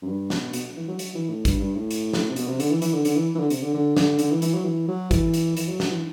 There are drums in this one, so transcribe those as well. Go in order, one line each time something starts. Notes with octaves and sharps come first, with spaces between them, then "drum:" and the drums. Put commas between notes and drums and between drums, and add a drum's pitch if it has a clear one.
F#2
G2
B2, drum: snare
B2, drum: hi-hat
E3
F#3
F#3, drum: hi-hat
E3
A2
G2, drum: kick, hi-hat
G2
A2
drum: hi-hat
drum: snare
C3
B2, drum: hi-hat
C3
D3, drum: hi-hat
E3
E3, drum: hi-hat
D3
D3, drum: hi-hat
E3
E3
D3
C3, drum: hi-hat
D3
D3
D3, drum: snare
D3, drum: hi-hat
E3
E3, drum: hi-hat
F#3
E3
F#3
E3, drum: kick, hi-hat
drum: hi-hat
E3, drum: hi-hat
F#3
F#3, drum: snare
E3